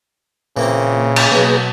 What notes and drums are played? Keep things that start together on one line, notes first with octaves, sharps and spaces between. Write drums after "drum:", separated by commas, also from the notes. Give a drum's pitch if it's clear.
A#2 C#3 E3 A#3 C4
drum: cymbal
B2 F#3 A#3 G#4 B4 A#6